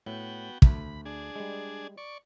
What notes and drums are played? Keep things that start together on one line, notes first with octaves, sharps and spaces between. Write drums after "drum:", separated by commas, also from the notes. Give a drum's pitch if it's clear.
A2 B3 F#4 G5
D2 A3 B5, drum: kick
D4 G#4
G3 G#3
D5 C#6